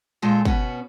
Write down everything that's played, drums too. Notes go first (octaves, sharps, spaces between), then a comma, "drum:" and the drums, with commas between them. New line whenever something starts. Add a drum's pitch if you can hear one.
A#2 G#3 F4 A4
B2 B3 C#4 F#4, drum: kick